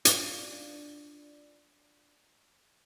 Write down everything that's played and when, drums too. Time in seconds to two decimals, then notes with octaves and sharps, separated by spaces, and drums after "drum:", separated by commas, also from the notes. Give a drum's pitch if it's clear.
0.05 D4 F4 D5, drum: hi-hat